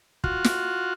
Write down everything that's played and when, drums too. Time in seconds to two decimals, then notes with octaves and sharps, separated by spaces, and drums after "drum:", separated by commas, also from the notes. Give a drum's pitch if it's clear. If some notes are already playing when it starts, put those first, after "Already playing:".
0.24 F4 F#4, drum: kick
0.44 drum: snare